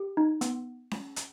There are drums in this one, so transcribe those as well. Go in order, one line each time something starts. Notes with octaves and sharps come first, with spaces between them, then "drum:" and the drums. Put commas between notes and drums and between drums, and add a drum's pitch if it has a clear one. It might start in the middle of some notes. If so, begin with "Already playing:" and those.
Already playing: G4
D#4
B3, drum: hi-hat
drum: snare C#4
drum: hi-hat